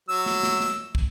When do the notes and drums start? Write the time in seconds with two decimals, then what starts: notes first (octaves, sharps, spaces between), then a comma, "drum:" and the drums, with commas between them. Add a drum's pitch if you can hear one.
0.09 F#3 E6
0.26 drum: snare
0.43 drum: snare
0.60 drum: snare
0.95 drum: kick